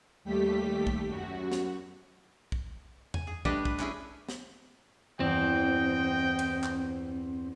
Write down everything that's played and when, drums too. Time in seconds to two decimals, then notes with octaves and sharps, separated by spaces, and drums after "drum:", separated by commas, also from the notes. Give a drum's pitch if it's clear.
0.24 D#2 G3 A3 G4 B6
0.87 drum: kick
1.06 F#2 F#4
1.52 drum: snare
2.52 drum: kick
3.14 G#5, drum: tom E2
3.27 G#4
3.45 G3 A3 D4 G4 B4 D#5, drum: kick
3.65 B4, drum: kick
3.79 C#4 E4 G#4, drum: clap
4.29 drum: snare
5.20 E2 G2 C4 D#5 G5
6.39 drum: cymbal
6.64 drum: clap